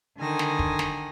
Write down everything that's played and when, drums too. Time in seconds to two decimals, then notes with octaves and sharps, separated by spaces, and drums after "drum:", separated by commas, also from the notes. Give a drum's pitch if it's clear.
0.19 D3 D#3 G#5 A#6
0.39 drum: snare
0.59 drum: kick
0.79 drum: snare